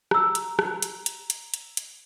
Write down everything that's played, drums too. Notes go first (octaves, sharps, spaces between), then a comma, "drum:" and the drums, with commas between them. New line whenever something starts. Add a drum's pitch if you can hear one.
A#5 E6, drum: rim click
drum: hi-hat
drum: rim click
drum: hi-hat
drum: hi-hat
drum: hi-hat
drum: hi-hat
drum: hi-hat